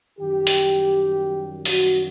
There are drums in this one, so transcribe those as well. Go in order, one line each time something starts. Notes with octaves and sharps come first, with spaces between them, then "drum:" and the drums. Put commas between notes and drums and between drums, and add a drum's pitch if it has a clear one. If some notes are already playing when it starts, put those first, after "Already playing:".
F#2 D#3 G3 G4
drum: hi-hat
F#4, drum: open hi-hat